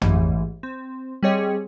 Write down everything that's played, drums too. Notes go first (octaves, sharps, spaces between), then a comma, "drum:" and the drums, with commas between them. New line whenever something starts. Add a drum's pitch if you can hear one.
A1 G#2 E3, drum: tom
C4
G3 C4 G#4 C#5 D#5